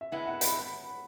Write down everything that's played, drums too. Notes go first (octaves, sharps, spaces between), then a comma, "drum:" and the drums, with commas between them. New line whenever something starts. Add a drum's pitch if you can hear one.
E5
G#3 B3 E4 F#5
F#5
B5, drum: hi-hat